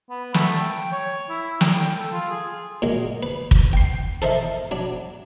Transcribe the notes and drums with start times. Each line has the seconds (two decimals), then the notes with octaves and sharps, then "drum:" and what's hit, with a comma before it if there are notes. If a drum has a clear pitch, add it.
0.10 B3
0.34 A3, drum: snare
0.60 G5
0.92 C#5
1.30 E4
1.61 G5, drum: snare
1.99 A4
2.13 F4
2.31 G#4
2.82 A#2 F#3 G#3
3.23 B4
3.51 drum: kick
3.73 G5 C6
4.22 A4 A#4 C5 D#5 E5
4.71 F#3 D4